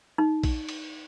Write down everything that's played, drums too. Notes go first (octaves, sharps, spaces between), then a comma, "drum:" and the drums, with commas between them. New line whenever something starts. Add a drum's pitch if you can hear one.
D#4
drum: kick A#1, cymbal
drum: cymbal